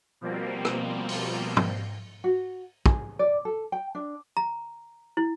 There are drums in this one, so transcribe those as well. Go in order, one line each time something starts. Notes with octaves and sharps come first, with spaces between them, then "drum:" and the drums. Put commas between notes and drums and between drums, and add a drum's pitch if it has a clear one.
B2 F3 G3 A#3 C4
drum: rim click
drum: open hi-hat
drum: tom
F#4
G#4, drum: kick
D5
A4
G5
D4
A#5
E4